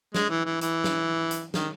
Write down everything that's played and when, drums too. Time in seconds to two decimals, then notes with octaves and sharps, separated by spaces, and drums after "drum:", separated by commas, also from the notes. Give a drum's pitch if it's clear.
0.14 G#3, drum: snare
0.30 E3
0.45 E3
0.61 E3, drum: hi-hat
0.84 drum: snare
1.31 drum: hi-hat
1.54 D#3, drum: snare